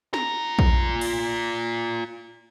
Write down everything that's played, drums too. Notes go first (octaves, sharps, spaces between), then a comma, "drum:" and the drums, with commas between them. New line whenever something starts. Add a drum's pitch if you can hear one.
F4 A#5, drum: snare
drum: kick A#1
drum: cymbal